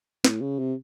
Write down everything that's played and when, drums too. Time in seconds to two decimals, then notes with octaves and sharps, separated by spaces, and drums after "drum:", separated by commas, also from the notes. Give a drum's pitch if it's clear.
0.24 A2, drum: snare
0.41 C#3
0.59 C3